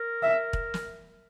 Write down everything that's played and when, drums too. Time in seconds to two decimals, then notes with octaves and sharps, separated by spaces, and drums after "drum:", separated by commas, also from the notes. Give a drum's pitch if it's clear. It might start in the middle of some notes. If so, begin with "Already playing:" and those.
Already playing: A#4
0.23 E5
0.53 drum: kick
0.74 drum: snare